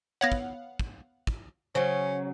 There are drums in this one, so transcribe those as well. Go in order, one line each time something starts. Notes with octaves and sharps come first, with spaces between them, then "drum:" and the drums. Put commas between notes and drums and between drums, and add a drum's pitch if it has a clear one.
B3 C#5 F5 F#5 G#6 A#6
drum: kick
drum: kick
drum: kick
C#3 F#3 C#4 C5